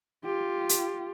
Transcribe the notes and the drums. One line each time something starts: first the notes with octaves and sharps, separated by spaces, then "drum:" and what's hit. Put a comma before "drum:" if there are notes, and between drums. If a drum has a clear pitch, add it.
F4 G4
drum: hi-hat